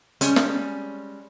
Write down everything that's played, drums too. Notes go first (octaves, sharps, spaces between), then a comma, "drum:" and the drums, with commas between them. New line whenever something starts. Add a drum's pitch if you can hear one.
G3 G#3 C#4, drum: hi-hat
drum: snare